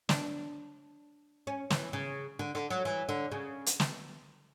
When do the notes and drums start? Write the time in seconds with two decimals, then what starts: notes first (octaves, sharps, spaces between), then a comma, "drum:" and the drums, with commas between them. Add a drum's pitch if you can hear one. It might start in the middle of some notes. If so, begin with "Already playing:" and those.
0.09 D4, drum: snare
1.47 C#4
1.70 E3, drum: snare
1.93 C#3
2.39 D3
2.55 D3
2.70 F#3
2.85 E3
3.09 D3
3.32 C#3
3.66 drum: hi-hat
3.80 drum: snare